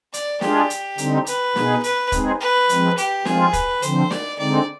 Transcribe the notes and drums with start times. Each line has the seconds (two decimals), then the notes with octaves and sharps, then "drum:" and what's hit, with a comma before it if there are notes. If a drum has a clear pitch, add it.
0.14 D5, drum: hi-hat
0.41 G#3 D4 F4 G4 G#4, drum: snare
0.70 drum: hi-hat
0.98 D3 G3 C4 D#4, drum: hi-hat
1.26 B4, drum: hi-hat
1.56 B2 B3 D#4 G#4, drum: snare
1.84 B4, drum: hi-hat
2.12 G#3 C4 D#4 G#4, drum: kick, hi-hat
2.40 B4
2.69 F3 G#3 C4, drum: hi-hat
2.98 G4, drum: hi-hat
3.25 F3 G#3 C4 F4 G#4, drum: snare
3.53 B4, drum: kick, hi-hat
3.82 D3 F3 C4 C5, drum: hi-hat
4.11 D5, drum: snare
4.39 D3 G#3 C4 D#4 D5